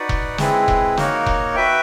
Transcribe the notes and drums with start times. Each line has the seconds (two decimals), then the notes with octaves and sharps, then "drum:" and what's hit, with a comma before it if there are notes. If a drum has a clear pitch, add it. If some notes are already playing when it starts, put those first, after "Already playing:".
Already playing: D#4 F#4 B4 D5 F#5
0.09 drum: kick E1
0.38 G#3 C4 E4 G#4 B4, drum: snare
0.68 drum: kick E1
0.97 A#3 D#4 F#4 A#4 C#5, drum: snare
1.27 drum: kick E1
1.56 F#4 B4 E5 G5